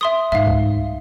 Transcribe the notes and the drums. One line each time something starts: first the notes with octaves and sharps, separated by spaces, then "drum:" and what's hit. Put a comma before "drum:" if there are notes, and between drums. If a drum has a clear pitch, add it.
E5 C6 D#6
G#2 G#3 E5 F5
drum: kick